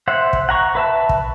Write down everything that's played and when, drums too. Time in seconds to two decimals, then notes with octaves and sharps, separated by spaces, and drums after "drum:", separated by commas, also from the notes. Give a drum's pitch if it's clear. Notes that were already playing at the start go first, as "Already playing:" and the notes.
0.08 C5 E5 F#5
0.33 drum: kick
0.49 F#5 A#5 C#6
0.75 B4 E5 A5
1.09 drum: kick